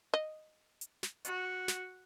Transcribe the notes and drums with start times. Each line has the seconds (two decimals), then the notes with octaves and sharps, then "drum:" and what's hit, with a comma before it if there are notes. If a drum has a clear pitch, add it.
0.14 D#5
0.81 drum: hi-hat
1.03 drum: snare
1.25 F#4, drum: hi-hat
1.68 drum: snare